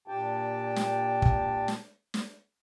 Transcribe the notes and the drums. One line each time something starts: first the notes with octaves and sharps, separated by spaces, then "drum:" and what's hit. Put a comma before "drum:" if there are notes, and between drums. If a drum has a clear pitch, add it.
A#2 D4 G4 G5 A5
drum: snare
drum: kick
drum: snare
drum: snare